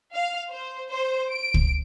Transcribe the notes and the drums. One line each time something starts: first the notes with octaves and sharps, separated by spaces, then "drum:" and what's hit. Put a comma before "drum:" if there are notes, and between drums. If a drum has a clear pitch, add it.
F5
C5
C5
D7
drum: kick